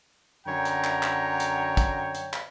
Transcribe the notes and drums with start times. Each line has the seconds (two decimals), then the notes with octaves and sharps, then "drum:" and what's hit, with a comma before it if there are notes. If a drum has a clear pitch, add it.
0.47 F#2 D3 C#5 G5 A#5
0.65 drum: hi-hat
0.84 drum: clap
1.03 drum: clap
1.40 drum: hi-hat
1.77 drum: kick, hi-hat
2.15 drum: hi-hat
2.33 drum: clap